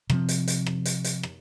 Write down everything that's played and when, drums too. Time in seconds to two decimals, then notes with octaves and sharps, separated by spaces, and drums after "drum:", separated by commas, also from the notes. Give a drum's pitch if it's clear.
0.10 C3 F3 C4, drum: rim click
0.29 drum: hi-hat
0.48 drum: hi-hat
0.66 drum: rim click
0.85 drum: hi-hat
1.04 drum: hi-hat
1.23 drum: rim click